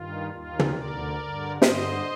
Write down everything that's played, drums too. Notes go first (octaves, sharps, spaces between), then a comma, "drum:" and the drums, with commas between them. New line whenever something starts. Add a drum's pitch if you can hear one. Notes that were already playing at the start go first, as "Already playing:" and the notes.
Already playing: G2 D#3 F4
D#2 D#3 F4
drum: tom
D2 D3 A#4 D5
G2 D3
G2 D3 C5 D#5, drum: snare